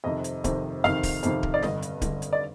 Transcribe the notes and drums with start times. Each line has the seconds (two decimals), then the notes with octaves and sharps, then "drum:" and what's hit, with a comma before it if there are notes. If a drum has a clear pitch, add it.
0.04 F2 C3 D#3 D#5
0.24 drum: hi-hat
0.44 F2 C3 D#3, drum: kick D1, hi-hat
0.84 F2 C3 D#3 F5, drum: snare
1.03 drum: kick D1, open hi-hat
1.23 F2 C3 D#3, drum: hi-hat
1.43 drum: kick D1
1.54 D5
1.62 G2 D3 D#5, drum: snare
1.82 drum: hi-hat
2.02 G2 D3, drum: kick D1, hi-hat
2.22 drum: hi-hat
2.33 D5